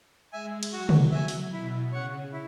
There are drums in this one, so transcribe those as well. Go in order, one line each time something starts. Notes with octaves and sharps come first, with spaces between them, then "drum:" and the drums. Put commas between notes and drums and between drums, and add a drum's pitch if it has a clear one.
G#3 E5 G#5
drum: cymbal
F#3 F#4
drum: tom
E5 G#5
drum: open hi-hat
B2 E4
C#3 C#5 F#5
E4